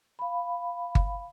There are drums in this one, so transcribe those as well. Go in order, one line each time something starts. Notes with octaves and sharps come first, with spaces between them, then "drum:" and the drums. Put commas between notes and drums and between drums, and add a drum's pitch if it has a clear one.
F5 B5
drum: kick G1